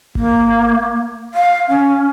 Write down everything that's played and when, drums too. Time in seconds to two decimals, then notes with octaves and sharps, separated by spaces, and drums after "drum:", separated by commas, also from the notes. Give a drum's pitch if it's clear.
0.15 A#3, drum: kick G#1
1.34 F5
1.69 C#4